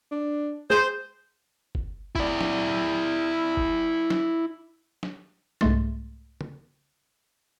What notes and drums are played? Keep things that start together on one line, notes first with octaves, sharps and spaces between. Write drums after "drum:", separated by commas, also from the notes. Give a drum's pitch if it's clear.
D4
G#4 C5, drum: tom
drum: kick G1
E4 D5, drum: kick G1
drum: snare
drum: kick G1
drum: snare
drum: snare
C2 G#2 G#3 A3 C6 A6, drum: snare
drum: tom